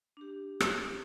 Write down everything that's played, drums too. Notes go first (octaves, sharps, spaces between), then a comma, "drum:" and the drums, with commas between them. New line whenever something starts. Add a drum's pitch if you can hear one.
D4 G4
drum: rim click